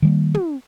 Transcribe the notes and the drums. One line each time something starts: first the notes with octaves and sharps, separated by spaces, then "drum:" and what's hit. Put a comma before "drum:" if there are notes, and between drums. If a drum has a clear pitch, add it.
D#3 G3 A#3
drum: tom